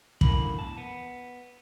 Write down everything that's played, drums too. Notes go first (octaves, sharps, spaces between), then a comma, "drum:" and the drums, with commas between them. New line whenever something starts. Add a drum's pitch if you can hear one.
F#2 A2 D3 A#3 B5, drum: kick
E2 A5
B3